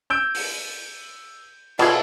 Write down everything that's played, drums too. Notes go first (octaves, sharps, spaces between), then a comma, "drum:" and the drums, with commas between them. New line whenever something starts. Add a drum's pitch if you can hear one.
E6 G6 D7
drum: open hi-hat
B2 F4 G#4 A4 D5, drum: cymbal